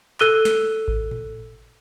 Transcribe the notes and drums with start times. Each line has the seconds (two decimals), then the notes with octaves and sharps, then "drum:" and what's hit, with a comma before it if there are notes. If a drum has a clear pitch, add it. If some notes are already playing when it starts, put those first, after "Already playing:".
0.20 A4 E6 F#6 D#7 G7, drum: clap
0.45 drum: snare
0.88 drum: kick G#1
1.11 drum: tom A2